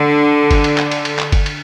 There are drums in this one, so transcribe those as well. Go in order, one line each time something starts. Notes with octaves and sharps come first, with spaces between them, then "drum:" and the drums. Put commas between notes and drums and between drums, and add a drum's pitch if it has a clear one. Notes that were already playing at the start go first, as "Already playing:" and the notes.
Already playing: D3
drum: kick G1, cymbal
drum: cymbal
drum: clap
drum: cymbal
drum: cymbal
drum: clap
drum: kick G1, cymbal
drum: cymbal